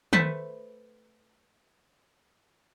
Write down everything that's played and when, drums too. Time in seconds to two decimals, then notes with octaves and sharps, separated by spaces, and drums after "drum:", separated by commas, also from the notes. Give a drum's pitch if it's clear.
0.13 A3 B4 C5 E5 A5, drum: tom D#3